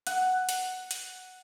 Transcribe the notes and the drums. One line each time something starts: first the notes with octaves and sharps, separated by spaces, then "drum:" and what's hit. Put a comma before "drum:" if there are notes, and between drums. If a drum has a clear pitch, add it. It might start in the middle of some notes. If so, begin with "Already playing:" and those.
F#5, drum: hi-hat
drum: hi-hat
drum: hi-hat